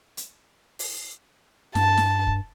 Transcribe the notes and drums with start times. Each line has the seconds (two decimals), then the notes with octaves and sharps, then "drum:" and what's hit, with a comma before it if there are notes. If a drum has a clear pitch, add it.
0.17 drum: hi-hat
0.79 drum: open hi-hat
1.75 G2 A5, drum: snare
1.97 drum: snare
2.27 drum: kick